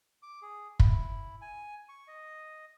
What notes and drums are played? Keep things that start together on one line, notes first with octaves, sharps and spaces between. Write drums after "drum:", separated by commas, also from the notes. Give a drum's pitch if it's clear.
D6
G#4
E4, drum: kick
G#5
C#6
D#5